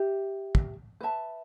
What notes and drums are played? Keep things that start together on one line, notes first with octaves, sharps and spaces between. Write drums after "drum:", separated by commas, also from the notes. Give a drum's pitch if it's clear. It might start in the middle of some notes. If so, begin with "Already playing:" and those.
Already playing: G4 E5
drum: kick
B4 E5 A5